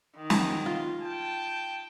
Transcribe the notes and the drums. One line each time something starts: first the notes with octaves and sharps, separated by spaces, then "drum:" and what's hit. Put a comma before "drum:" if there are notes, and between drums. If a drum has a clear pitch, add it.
D#3
drum: snare
F4
G5 A5